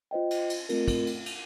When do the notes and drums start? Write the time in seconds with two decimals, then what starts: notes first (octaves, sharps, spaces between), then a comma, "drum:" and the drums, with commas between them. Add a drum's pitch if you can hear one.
0.11 F4 C5 D#5 G5
0.31 drum: cymbal
0.50 drum: cymbal
0.69 A3 C4 F4 A#4, drum: cymbal
0.88 drum: kick, cymbal
1.07 drum: cymbal
1.26 drum: cymbal